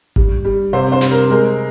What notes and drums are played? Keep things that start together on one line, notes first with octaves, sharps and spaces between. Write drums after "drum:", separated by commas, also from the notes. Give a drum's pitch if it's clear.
G3, drum: kick G#1
G3
C3 C5
C5
G3, drum: snare
A#4
G#3 A#4